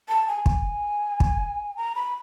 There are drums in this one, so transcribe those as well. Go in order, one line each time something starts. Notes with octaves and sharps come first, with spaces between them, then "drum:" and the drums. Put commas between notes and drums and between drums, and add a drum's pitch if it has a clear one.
A5
G#5
drum: kick
drum: kick
A#5
B5